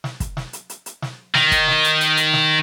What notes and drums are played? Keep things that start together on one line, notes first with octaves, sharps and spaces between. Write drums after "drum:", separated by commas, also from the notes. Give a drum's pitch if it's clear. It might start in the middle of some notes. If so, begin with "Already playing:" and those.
drum: snare
drum: kick, hi-hat
drum: snare
drum: hi-hat
drum: hi-hat
drum: hi-hat
drum: snare
D#3, drum: snare
drum: kick, hi-hat
drum: snare
drum: hi-hat
drum: hi-hat
drum: hi-hat
drum: snare